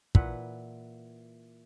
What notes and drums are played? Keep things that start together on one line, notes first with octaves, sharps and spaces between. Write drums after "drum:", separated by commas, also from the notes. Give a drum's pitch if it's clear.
A#2 E3 B4 F#5, drum: kick